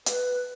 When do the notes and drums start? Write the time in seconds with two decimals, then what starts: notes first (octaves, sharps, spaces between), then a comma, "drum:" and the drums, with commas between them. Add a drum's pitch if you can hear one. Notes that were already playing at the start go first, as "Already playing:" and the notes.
0.06 B4, drum: hi-hat